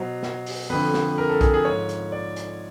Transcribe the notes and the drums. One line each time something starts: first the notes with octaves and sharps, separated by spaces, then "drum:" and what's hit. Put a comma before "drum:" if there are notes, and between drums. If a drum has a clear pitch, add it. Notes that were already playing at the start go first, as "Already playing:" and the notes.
Already playing: B2 F#3 C5
drum: snare
drum: open hi-hat
F2 D3 F3 B4
drum: snare
A#4
A4
G#4, drum: kick, hi-hat
G#4
G#2 F3 C#5
drum: hi-hat
D5
drum: hi-hat